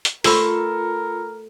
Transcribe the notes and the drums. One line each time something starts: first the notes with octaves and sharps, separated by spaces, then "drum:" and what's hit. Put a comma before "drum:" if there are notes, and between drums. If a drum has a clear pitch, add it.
drum: hi-hat
A3 F4 A4 A#4 C5 B5 E6, drum: open hi-hat